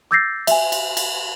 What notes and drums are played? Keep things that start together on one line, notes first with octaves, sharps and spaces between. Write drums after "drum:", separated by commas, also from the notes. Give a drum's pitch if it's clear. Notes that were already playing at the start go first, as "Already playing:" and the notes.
D6 E6 G6 A6 A#6 C7
E5 G#5, drum: cymbal
drum: cymbal
drum: cymbal